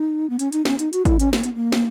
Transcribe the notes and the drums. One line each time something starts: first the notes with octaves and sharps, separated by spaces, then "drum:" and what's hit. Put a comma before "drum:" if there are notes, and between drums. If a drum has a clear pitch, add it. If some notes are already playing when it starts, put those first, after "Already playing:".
Already playing: D#4
B3
C#4, drum: hi-hat
D#4, drum: hi-hat
C#4, drum: snare
D#4, drum: hi-hat
F#4, drum: hi-hat
E4, drum: kick G#1, hi-hat
C#4, drum: hi-hat
A#3, drum: snare
B3, drum: hi-hat
A#3
drum: snare